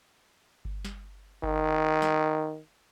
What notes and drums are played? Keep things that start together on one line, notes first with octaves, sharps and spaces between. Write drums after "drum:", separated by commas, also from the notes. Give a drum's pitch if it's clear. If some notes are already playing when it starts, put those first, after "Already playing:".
drum: kick G1
drum: snare
D#3, drum: kick G1
drum: snare